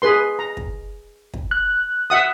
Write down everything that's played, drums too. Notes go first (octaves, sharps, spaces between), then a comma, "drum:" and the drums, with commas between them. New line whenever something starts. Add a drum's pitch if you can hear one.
G#4 B4 C6
A#5
drum: kick
drum: kick
F#6
E5 F#5 D#6